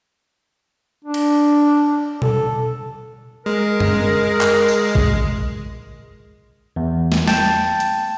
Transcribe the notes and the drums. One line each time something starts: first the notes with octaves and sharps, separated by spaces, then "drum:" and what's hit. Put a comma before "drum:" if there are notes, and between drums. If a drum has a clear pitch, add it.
D4
drum: cymbal
A4, drum: tom B2
G#3 A#4
drum: tom F#2
drum: clap
drum: tambourine
drum: kick A1
E2
drum: snare
G5 A5, drum: snare
drum: hi-hat